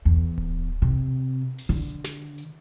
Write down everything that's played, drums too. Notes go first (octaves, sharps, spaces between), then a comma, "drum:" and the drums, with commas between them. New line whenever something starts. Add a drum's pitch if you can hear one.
E2
drum: kick D1
C3
drum: open hi-hat
D3
drum: snare
drum: hi-hat